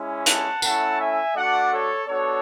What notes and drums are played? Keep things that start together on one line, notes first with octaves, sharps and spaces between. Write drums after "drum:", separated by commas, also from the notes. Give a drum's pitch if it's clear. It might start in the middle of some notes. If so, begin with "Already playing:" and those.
Already playing: G#3 C#4 E4
F#5 A5, drum: hi-hat
A3 C#4 E4 F#5 A5, drum: tambourine
E5 G#5
A3 D4 F#4 D5 F#5
A4 C#5
B3 D4 F#4 A4 C#5